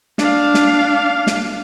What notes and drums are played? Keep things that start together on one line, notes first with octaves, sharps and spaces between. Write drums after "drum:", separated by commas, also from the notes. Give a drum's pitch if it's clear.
D4 F5, drum: snare
drum: snare
drum: snare